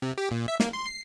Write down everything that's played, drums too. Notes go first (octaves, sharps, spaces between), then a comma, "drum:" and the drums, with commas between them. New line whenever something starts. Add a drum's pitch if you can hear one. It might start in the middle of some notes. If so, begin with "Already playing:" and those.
C3
G4
A#2
E5
A#3, drum: snare
C6
C7